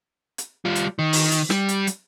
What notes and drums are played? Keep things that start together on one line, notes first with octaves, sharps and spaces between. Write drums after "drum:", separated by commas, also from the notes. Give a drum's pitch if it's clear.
drum: hi-hat
G3 F4
drum: hi-hat
D#3
drum: open hi-hat
drum: hi-hat
G3, drum: snare
drum: hi-hat
drum: hi-hat